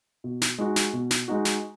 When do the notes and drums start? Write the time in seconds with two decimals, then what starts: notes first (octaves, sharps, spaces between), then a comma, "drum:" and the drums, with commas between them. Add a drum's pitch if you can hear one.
0.24 B2
0.42 drum: snare
0.58 G#3 D#4 F#4
0.76 drum: snare
0.93 B2
1.11 drum: snare
1.28 G#3 D#4 F#4
1.45 drum: snare